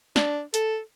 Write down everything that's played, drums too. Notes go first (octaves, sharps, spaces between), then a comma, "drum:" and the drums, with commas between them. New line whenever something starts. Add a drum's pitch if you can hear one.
D4, drum: snare
A4, drum: hi-hat